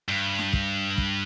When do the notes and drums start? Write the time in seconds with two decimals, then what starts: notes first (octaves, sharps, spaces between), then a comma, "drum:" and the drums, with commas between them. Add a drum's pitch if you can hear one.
0.09 G2
0.38 drum: snare
0.53 drum: kick
0.98 drum: kick